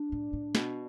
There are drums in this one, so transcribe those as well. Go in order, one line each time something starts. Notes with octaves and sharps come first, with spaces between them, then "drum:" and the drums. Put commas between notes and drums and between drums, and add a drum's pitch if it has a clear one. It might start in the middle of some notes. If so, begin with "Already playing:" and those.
Already playing: D4
A2
A2
B2, drum: snare